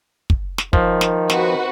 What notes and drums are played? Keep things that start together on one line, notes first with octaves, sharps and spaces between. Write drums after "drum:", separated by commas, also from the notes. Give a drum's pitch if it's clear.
drum: kick
drum: snare
D#3 F3, drum: kick
drum: snare
C4 F#4 B4, drum: snare